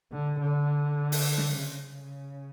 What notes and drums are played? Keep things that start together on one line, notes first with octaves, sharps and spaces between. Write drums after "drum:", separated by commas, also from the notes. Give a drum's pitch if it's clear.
D3
D3
drum: open hi-hat
drum: snare
C#3